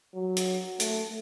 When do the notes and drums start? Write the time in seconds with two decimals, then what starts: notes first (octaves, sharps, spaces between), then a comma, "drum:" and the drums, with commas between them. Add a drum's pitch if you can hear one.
0.14 F#3
0.37 drum: hi-hat
0.80 A3, drum: hi-hat